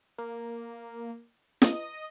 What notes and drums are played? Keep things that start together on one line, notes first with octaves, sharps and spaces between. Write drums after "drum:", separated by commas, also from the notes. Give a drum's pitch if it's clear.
A#3
D#5, drum: snare